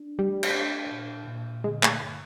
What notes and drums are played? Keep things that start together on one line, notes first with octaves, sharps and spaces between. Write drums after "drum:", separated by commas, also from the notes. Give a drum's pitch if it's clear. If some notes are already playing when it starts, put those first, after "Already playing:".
Already playing: D4
G3 A3
drum: cymbal
D4
A#2
A#2
D3 G#3
A3, drum: clap
G2